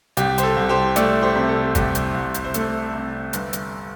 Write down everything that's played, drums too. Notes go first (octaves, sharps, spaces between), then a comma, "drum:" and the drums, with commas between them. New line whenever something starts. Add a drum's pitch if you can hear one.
C2 G4, drum: hi-hat
C5, drum: hi-hat
A4
C2
G4 C5
A3 A4 D5, drum: hi-hat
G4 C5
C3
A4
C2 G4, drum: kick, hi-hat
drum: hi-hat
C2
drum: hi-hat
C5
A3 A4, drum: hi-hat
C3
G1, drum: hi-hat
drum: hi-hat